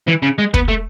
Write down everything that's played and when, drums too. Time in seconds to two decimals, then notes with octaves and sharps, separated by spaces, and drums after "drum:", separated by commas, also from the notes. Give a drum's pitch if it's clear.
0.08 E3
0.23 C#3
0.39 G#3
0.54 B3, drum: kick
0.68 A3